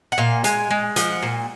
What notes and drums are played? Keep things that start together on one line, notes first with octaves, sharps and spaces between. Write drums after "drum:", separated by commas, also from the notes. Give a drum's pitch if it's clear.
F#5
A#2 F5
G#3 G#5, drum: hi-hat
G#3
F3 F#5, drum: hi-hat
A#2